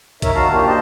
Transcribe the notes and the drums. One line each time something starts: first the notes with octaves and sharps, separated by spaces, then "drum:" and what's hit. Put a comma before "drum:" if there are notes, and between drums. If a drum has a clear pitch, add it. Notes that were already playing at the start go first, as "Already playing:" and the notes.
D#4 A#4 C#5 E5, drum: kick, hi-hat
D2 D#3 F#4 F5 A5 A#5
A#3 D4 F4 G4
C5 D#5 A5